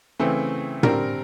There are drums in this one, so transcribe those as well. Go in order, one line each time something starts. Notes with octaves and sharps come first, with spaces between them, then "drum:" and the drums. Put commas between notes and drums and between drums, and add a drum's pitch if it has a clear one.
C#3 E3 A3 C4
D3 G3 C4 A#4, drum: tom